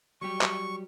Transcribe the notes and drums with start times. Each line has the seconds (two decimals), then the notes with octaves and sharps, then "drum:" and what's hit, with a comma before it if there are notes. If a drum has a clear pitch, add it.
0.22 F#3 G3 G4 C#6
0.41 drum: clap